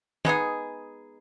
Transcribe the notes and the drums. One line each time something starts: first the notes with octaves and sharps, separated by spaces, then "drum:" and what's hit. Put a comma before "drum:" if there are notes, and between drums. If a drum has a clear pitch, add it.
G#3 B3 D#4 G#4, drum: tom